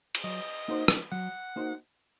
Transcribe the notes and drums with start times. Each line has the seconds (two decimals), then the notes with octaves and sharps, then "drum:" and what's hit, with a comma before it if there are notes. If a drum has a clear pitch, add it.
0.15 drum: cymbal
0.24 F#3 D#5
0.68 A#3 D#4 F#4 C5
0.88 drum: rim click
1.12 F#3 F#5
1.56 A#3 D#4 F#4 C5